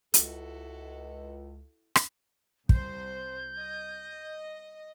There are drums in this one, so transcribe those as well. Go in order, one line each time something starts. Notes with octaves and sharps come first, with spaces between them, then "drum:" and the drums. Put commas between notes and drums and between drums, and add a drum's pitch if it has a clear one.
C#2 E4 F#4 A4, drum: hi-hat
drum: rim click
C2 C5 G6, drum: kick
D#5